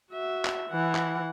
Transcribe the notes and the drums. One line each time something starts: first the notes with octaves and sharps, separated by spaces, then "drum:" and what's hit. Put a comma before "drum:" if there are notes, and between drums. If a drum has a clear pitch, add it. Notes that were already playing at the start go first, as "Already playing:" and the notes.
F#4 E5
drum: clap
E3 F#5
drum: clap